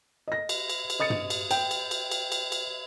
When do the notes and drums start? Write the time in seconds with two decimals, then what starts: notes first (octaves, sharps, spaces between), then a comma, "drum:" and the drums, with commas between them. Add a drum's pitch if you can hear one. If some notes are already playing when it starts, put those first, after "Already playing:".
0.28 D#5 A#6
0.49 drum: cymbal
0.70 drum: cymbal
0.90 drum: cymbal
1.00 D#5 D#6 A6 C#7
1.10 drum: tom
1.30 drum: cymbal
1.51 G5, drum: cymbal
1.71 drum: cymbal
1.91 drum: cymbal
2.11 drum: cymbal
2.32 drum: cymbal
2.52 drum: cymbal